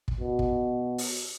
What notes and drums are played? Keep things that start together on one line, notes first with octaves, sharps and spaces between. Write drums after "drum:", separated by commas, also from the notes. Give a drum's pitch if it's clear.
drum: kick
B2
drum: kick
drum: open hi-hat